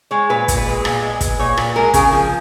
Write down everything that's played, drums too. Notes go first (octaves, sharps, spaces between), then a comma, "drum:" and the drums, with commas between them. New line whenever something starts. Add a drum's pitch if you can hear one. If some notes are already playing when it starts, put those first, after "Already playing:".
G#3 C#5
A#2 B4
A#2, drum: kick, hi-hat
B4
G#3
A#2, drum: rim click
G#3
G#3, drum: kick, hi-hat
A#2 C#5
A#2 B4, drum: rim click
G#3 A#4
C#3 G#4, drum: kick, hi-hat
F3